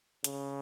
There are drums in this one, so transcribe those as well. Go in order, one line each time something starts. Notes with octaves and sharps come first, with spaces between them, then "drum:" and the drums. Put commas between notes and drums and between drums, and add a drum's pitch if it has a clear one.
C#3, drum: hi-hat